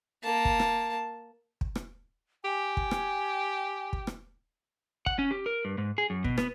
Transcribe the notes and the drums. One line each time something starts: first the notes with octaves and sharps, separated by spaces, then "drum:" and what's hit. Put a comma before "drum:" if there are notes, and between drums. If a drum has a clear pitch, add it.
A#3 A5
drum: kick
drum: rim click
drum: kick
drum: rim click
G4 G#5
drum: kick
drum: rim click
drum: kick
drum: rim click
F#5, drum: kick
C#4
G4
A#4
G2
G#2
G#4
F#2
B2, drum: kick
B3, drum: rim click